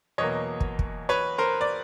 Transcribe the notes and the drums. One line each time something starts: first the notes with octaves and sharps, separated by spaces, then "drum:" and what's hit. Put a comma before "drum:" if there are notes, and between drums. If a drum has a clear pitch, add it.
E2 B2 F#3 A#3 C#5 D#5
drum: kick
drum: kick
B4 C#5
A#4 C5
D5